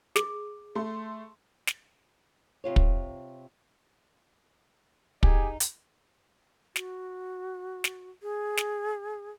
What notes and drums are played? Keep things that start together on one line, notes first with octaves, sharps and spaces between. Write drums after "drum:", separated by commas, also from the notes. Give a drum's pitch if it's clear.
G#4, drum: snare
A3 C6
drum: snare
C3 F4 C#5
drum: kick
D#4 G4 G#4 G#5, drum: kick
drum: hi-hat
F#4, drum: snare
drum: snare
G#4
drum: snare